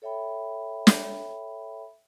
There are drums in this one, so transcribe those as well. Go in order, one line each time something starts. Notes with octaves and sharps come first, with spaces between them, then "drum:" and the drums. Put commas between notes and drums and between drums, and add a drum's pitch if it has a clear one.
A4 C#5 E5 G5 B5
drum: snare